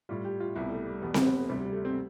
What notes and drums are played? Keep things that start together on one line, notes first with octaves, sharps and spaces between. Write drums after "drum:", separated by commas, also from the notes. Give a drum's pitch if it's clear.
A2 G3 F4
G4
F4
C2 B2 G3 E4
A3
G3
E2 B2 G3 B3
C4, drum: snare C4
B3
A3
D2 C3 G3
G3
A3
C4